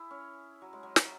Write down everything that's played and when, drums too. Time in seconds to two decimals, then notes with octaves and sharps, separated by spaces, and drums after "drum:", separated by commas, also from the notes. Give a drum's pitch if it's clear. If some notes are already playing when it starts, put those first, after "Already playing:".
Already playing: E4 G#4
0.11 C#4
0.62 F#3
0.73 G#3
0.83 F#3
0.96 drum: snare